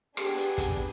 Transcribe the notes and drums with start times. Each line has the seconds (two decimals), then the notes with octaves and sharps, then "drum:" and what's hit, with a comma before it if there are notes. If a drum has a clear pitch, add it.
0.17 B3 D4 G4 G#4, drum: rim click
0.37 drum: hi-hat
0.58 drum: kick, hi-hat